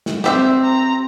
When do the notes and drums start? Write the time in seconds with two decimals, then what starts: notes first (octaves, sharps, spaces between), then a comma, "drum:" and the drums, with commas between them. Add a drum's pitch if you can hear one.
0.06 drum: snare
0.24 C4 G4 C5 E5, drum: snare
0.63 A#5